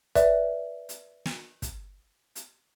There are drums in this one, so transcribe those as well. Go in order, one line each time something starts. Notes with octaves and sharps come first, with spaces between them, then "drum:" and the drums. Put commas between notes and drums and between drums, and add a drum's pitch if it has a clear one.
B4 D5 E5, drum: kick, hi-hat
drum: hi-hat
drum: snare
drum: kick, hi-hat
drum: hi-hat